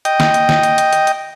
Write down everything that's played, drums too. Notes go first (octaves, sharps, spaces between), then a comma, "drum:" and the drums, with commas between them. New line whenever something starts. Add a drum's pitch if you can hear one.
D#5 G5, drum: hi-hat
drum: snare
drum: hi-hat
drum: snare
drum: hi-hat
drum: hi-hat
drum: hi-hat
drum: hi-hat